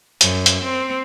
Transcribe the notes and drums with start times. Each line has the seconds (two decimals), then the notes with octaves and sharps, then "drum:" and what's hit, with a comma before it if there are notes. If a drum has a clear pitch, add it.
0.21 F#2, drum: hi-hat
0.46 drum: hi-hat
0.65 C4